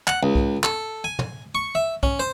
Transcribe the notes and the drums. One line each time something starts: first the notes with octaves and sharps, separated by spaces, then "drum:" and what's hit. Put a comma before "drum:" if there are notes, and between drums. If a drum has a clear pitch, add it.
F#5, drum: clap
C#2
drum: kick
A4, drum: clap
G#5
drum: tom
C#6
E5
C#4, drum: kick
C5